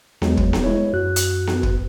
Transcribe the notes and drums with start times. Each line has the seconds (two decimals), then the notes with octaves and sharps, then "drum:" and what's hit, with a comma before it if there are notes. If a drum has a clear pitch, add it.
0.22 E2 F#3 G#3, drum: snare B3
0.37 drum: kick
0.53 drum: snare B3
0.64 G#3 E4 C#5
0.93 F#2 F#4 F#6
1.16 drum: hi-hat
1.47 drum: snare B3
1.63 drum: kick